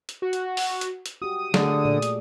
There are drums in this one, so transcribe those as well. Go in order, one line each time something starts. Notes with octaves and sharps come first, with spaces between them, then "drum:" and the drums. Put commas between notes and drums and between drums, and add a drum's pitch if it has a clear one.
drum: hi-hat
F#4
drum: hi-hat
drum: open hi-hat
drum: hi-hat
drum: hi-hat
F#4 G4 D#6
D3 A3 G#4 D5, drum: snare
A#2 D5
drum: hi-hat